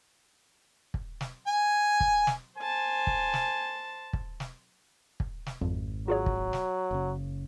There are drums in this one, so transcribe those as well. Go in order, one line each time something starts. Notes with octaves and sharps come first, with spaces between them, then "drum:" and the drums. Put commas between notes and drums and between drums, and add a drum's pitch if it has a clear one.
drum: kick
drum: snare
G#5
drum: kick
drum: snare
C5 G#5 A5
drum: kick
drum: snare
drum: kick
drum: snare
drum: kick
drum: snare
G#1 F2
F#3 F4 G#4 C#5
drum: kick
drum: snare
F#1 C#3